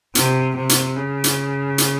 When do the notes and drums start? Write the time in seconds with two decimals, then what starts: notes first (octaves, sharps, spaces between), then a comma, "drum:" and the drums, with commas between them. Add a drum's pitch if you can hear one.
0.15 C3, drum: hi-hat
0.56 C3
0.69 drum: hi-hat
0.96 C#3
1.24 drum: hi-hat
1.78 drum: hi-hat